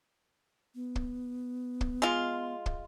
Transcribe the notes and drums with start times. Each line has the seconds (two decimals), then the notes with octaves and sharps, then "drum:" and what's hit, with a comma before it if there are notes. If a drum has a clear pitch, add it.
0.75 B3
0.96 drum: kick
1.81 drum: kick
2.02 G#3 F4
2.66 drum: kick